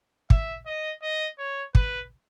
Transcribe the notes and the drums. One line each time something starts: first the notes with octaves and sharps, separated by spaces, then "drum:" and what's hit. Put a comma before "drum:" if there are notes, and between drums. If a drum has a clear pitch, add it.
E5, drum: kick
D#5
D#5
C#5
B4, drum: kick